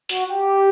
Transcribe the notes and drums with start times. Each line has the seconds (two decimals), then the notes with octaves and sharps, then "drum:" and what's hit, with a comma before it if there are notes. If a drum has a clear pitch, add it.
0.09 F#4, drum: hi-hat
0.30 G4